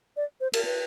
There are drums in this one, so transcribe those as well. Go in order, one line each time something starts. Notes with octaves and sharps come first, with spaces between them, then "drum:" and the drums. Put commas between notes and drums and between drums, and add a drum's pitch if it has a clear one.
D5
C5
A#4, drum: cymbal
B4